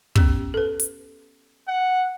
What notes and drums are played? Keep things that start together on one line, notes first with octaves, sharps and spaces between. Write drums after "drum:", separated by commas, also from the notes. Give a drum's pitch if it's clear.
B3 C#4 G4, drum: kick
A4 B4
drum: hi-hat
F#5